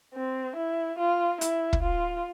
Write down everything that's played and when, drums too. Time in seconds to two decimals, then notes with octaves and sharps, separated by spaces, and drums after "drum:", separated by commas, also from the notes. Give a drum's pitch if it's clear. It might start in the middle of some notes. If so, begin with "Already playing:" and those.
0.14 C4
0.56 E4
0.99 F4
1.41 E4, drum: hi-hat
1.73 drum: kick
1.83 F4